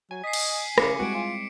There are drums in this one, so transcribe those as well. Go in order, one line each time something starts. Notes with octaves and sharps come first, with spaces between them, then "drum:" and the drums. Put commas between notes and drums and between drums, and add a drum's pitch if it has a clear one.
F#3 G#5
D#5 B6 C7
drum: cymbal
C#3 E4 D6 C#7, drum: rim click
G3 G#3 C4 F#4 C#7 D7
F4